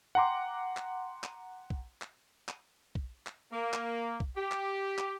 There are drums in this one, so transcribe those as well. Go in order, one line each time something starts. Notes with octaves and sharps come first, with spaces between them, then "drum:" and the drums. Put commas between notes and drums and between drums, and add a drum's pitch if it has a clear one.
F#5 G5 A#5 C6 D6
drum: clap
drum: clap
drum: kick
drum: clap
drum: clap
drum: kick
drum: clap
A#3
drum: clap
drum: kick
G4
drum: clap
drum: clap